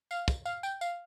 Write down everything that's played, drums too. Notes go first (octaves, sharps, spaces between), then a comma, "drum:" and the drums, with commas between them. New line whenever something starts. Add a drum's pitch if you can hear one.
F5, drum: tambourine
drum: kick, tambourine
F5, drum: tambourine
G5, drum: tambourine
F5, drum: tambourine